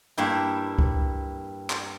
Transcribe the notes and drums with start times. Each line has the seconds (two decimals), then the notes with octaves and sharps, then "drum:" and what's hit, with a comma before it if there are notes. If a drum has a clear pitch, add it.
0.18 G2 A#3 E4 G5
0.79 drum: kick C#2
1.70 drum: clap